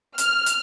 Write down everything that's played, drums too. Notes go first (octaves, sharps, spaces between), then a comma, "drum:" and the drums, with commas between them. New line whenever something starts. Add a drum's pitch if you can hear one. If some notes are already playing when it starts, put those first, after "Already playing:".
F6, drum: hi-hat
drum: hi-hat